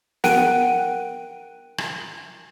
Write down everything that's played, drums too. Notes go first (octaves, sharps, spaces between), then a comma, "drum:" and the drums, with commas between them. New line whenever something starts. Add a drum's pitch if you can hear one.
A#4 F#5 G5 F#6 D7 D#7, drum: snare
drum: rim click